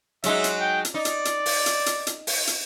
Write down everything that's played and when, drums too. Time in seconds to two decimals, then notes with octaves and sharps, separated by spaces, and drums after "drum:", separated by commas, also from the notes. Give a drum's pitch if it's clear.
0.24 F#3 G#3 D#4 E5, drum: hi-hat
0.44 drum: hi-hat
0.61 G5
0.85 drum: hi-hat
0.94 D#4 D5
1.05 drum: hi-hat
1.25 drum: hi-hat
1.46 drum: open hi-hat
1.66 drum: hi-hat
1.86 drum: hi-hat
2.07 drum: hi-hat
2.27 drum: open hi-hat
2.47 drum: hi-hat